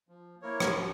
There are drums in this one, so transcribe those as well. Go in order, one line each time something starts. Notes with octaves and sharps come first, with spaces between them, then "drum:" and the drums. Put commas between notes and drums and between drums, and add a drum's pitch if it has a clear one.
F3
A#3 E4 A#4 C#5
drum: rim click
F3